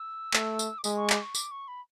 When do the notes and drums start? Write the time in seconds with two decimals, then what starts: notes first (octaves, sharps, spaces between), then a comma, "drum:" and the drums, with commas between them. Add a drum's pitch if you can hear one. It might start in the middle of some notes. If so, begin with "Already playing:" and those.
Already playing: E6
0.34 A3, drum: clap
0.59 drum: tambourine
0.78 D6
0.84 G#3 D#6, drum: tambourine
0.97 C#6
1.10 D6, drum: clap
1.22 C#6
1.35 D6, drum: tambourine
1.51 C#6
1.68 B5